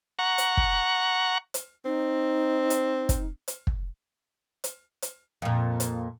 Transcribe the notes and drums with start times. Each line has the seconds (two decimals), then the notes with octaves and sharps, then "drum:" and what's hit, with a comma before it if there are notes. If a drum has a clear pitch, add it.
0.19 F#5 A#5 C#6
0.38 drum: hi-hat
0.57 drum: kick
1.54 drum: hi-hat
1.85 C4 D#4
2.70 drum: hi-hat
3.09 drum: kick, hi-hat
3.48 drum: hi-hat
3.67 drum: kick
4.64 drum: hi-hat
5.02 drum: hi-hat
5.42 F2 A#2
5.80 drum: hi-hat